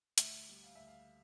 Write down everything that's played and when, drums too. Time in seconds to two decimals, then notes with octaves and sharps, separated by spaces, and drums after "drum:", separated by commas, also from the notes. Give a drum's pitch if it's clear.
0.18 D2 E5, drum: hi-hat
0.49 G3
0.64 F5
0.75 D2 E5
0.88 F5